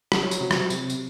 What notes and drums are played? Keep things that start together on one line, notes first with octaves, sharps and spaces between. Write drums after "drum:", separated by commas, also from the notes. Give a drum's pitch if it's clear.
F#3, drum: rim click
drum: tambourine
C3
drum: rim click
C3, drum: tambourine
drum: tambourine